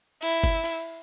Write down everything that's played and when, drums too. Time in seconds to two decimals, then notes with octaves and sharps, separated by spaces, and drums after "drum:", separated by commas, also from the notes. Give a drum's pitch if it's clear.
0.22 E4, drum: cymbal
0.44 drum: kick G1, cymbal
0.65 drum: cymbal